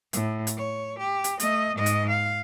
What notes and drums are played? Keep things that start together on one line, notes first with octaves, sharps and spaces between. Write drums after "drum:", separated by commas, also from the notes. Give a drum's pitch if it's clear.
A2, drum: hi-hat
drum: hi-hat
C#5
G4
drum: hi-hat
A3 D#5, drum: hi-hat
G#2 D#5
drum: hi-hat
F5